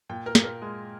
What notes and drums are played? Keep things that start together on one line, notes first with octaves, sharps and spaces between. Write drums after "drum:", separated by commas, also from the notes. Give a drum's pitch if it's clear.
A#2 G5
A#4
A#2, drum: snare
A#4
G#3